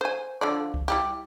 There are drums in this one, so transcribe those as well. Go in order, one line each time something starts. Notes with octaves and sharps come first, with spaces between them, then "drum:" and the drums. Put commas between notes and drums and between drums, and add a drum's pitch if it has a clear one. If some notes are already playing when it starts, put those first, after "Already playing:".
C5 G#5
D3 F3 D5
drum: kick C#2
G3 E4 G4